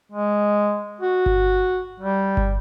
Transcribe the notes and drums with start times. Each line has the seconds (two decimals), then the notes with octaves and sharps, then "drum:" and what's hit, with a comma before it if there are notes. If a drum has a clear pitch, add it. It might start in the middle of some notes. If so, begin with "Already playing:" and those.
0.12 G#3
1.01 F#4
1.26 drum: kick G1
2.00 G3
2.37 drum: kick G1